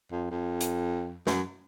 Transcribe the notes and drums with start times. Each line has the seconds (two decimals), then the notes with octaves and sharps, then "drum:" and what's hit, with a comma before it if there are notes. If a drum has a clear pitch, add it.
0.12 F2
0.31 F2
0.61 drum: hi-hat
1.27 F#2, drum: snare